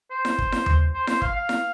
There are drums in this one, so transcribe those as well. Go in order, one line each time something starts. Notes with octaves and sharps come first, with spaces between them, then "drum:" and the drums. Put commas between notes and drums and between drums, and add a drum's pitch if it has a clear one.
C5
drum: snare E4
drum: kick
drum: snare E4
drum: tom D#2
C5
C5, drum: snare E4
F5, drum: kick
F5
drum: snare E4